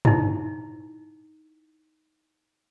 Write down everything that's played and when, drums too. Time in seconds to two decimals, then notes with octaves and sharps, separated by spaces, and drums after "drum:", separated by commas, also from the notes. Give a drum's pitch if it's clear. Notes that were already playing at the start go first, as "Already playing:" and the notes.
0.05 D#4 E4, drum: tom G2